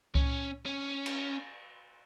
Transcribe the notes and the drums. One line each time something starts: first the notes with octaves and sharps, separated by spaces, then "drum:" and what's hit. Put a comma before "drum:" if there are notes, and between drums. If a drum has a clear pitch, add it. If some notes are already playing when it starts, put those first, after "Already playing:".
C#4, drum: kick C2
C#4
drum: cymbal